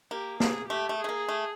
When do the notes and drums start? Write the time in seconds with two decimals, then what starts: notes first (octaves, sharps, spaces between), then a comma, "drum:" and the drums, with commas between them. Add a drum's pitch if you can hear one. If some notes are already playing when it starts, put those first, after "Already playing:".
0.11 A#3 G4
0.40 G#4, drum: snare
0.69 A3 G4
0.89 A3
0.99 G#4
1.04 A3
1.09 A#3
1.29 A3